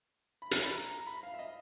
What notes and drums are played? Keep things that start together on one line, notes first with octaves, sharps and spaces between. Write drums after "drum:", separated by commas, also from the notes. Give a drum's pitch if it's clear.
B5
drum: hi-hat
B5
A#5
A#5
B5
F5
E5
D#5